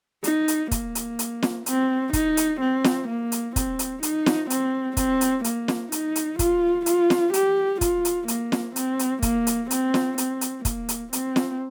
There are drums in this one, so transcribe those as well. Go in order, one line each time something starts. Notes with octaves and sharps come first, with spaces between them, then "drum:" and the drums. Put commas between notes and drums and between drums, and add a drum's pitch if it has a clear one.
D#4, drum: hi-hat
drum: hi-hat
A#3, drum: kick, hi-hat
drum: hi-hat
drum: hi-hat
drum: snare
C4, drum: hi-hat
D#4, drum: kick, hi-hat
drum: hi-hat
C4
drum: snare
A#3
drum: hi-hat
C4, drum: kick, hi-hat
drum: hi-hat
D#4, drum: hi-hat
drum: snare
C4, drum: hi-hat
C4, drum: kick, hi-hat
drum: hi-hat
A#3, drum: hi-hat
drum: snare
D#4, drum: hi-hat
drum: hi-hat
F4, drum: kick, hi-hat
F4, drum: hi-hat
drum: snare
G4, drum: hi-hat
F4, drum: kick, hi-hat
drum: hi-hat
A#3, drum: hi-hat
drum: snare
C4, drum: hi-hat
drum: hi-hat
A#3, drum: kick, hi-hat
drum: hi-hat
C4, drum: hi-hat
drum: snare
C4, drum: hi-hat
drum: hi-hat
A#3, drum: kick, hi-hat
drum: hi-hat
C4, drum: hi-hat
drum: snare